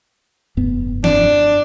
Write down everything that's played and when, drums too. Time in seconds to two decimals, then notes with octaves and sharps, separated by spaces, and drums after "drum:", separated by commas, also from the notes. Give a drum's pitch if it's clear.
0.57 F1 G2 B3
1.04 D4, drum: snare